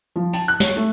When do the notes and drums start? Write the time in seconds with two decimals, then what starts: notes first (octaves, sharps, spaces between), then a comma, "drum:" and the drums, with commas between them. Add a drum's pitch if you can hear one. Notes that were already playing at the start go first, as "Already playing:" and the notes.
0.16 F3
0.33 A5, drum: open hi-hat
0.48 F#6
0.60 C#5, drum: snare
0.77 A3